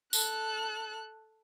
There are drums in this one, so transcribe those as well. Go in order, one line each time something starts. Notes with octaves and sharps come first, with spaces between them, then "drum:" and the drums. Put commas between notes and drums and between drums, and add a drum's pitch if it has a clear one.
A4 F#6, drum: tambourine